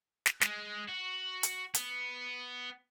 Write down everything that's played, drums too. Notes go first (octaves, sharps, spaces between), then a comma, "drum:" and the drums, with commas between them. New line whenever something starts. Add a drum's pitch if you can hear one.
drum: snare
G#3, drum: snare
F#4
drum: hi-hat
B3, drum: hi-hat